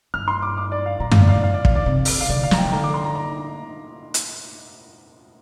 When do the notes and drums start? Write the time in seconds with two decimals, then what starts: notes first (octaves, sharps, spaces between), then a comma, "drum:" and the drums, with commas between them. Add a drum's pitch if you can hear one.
0.14 G2 F6
0.28 C6
0.42 D6
0.57 D6
0.72 D5
0.86 F5
1.00 A#2 A#5
1.11 F5, drum: tom F#2
1.22 D5
1.29 F5
1.32 D5
1.43 F5
1.54 D5
1.65 F5, drum: kick
1.75 D5
1.86 C3
2.05 drum: open hi-hat
2.21 F5
2.29 D3 D5
2.43 F5
2.51 F3 A#5, drum: snare
2.58 G5
2.64 C3
2.72 D3 A#5
2.84 D6
2.94 C6
3.05 A#5
3.15 A#5
4.14 drum: hi-hat